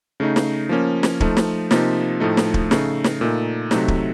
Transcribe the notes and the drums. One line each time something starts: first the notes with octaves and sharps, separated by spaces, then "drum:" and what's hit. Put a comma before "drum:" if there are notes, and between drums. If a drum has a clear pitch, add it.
C#3 A3 D#4
drum: snare
F3 A#3 C#4
drum: snare
F3 A3 D#4, drum: kick
drum: snare
C3 F3 A#3 D#4, drum: snare
A2 F3 A3 D#4
drum: snare
drum: kick
C#3 A3 D#4, drum: snare
drum: snare
A#2 A3 D#4
C3 F#3 A3 D#4, drum: snare
drum: kick